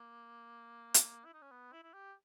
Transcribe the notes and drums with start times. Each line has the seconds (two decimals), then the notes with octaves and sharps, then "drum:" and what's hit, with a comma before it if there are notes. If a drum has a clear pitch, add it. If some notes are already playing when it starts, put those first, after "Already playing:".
Already playing: A#3
0.94 drum: hi-hat
1.25 E4
1.34 D#4
1.42 C#4
1.51 B3
1.73 E4
1.83 E4
1.93 G4